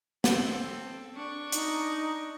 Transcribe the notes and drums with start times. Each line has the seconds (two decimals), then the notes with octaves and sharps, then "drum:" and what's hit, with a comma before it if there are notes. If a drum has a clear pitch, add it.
0.24 C4 A4, drum: snare
1.14 D4 C#6
1.52 D#4, drum: hi-hat